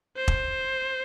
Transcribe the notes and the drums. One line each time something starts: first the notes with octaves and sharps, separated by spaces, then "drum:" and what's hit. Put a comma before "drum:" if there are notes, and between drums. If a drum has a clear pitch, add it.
C5
drum: kick E1